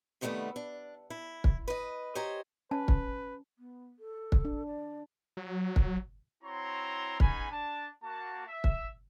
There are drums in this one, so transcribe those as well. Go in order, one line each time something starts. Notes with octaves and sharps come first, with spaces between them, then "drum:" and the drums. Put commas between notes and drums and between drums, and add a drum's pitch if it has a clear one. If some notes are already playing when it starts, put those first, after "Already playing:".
C3 D#3 F#3 G3 A3 B3
D4
E4
drum: kick
B4 D#5
G4 C5 C#5 D#5 G#5 A#5
C#4 B4 A5
drum: kick
B3
A4
drum: kick
D4
D5
F#3
drum: kick
C4 E4 F#4 C#5 A#5 C6
B3 C#4 D#4 G#4 G#5 B5, drum: kick
D4 A5
A#3 F#4 A5
E5
drum: kick